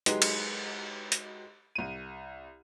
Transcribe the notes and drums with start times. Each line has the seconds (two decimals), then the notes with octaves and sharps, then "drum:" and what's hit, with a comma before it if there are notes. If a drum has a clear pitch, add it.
0.06 F#3 G#3 D#4 G4 B4, drum: hi-hat
0.22 drum: cymbal
1.12 drum: hi-hat
1.75 C2 D#7